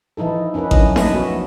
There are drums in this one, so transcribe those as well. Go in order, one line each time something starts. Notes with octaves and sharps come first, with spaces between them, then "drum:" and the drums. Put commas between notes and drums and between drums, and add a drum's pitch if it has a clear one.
E3 F3 D#4 E4 A4
C#4 D#4 E4 A#4 B4
F#3 C#4 D4 D#5, drum: kick A1
A4 B4 D#5 E5, drum: snare D#4
F3 B3 F#4